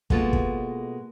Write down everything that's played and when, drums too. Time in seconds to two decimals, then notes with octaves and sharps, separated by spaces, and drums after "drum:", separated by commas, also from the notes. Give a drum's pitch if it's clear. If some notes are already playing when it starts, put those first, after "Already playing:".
0.10 B2 G#3 A#3 F4 A4, drum: kick
0.33 drum: kick